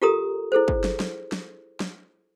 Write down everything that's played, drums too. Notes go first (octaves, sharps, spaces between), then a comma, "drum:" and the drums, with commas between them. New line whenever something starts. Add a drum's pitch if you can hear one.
F4 G4 A4 A#4 A#5 D#6
E4 G#4 A4 C5
drum: kick
drum: snare
drum: snare
drum: snare
drum: snare